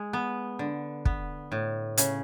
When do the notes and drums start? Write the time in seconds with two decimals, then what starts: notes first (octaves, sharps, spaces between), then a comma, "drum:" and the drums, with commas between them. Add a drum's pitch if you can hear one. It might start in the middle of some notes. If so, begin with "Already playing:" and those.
Already playing: G#3
0.13 B3
0.59 D3
1.05 B3, drum: kick
1.52 A2
1.97 C#3, drum: hi-hat